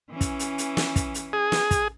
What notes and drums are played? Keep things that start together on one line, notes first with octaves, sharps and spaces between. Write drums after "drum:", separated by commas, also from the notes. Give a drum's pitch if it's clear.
E3 C#4
drum: kick, hi-hat
drum: hi-hat
drum: hi-hat
drum: snare
drum: kick, hi-hat
drum: hi-hat
G#4
drum: snare
drum: kick, hi-hat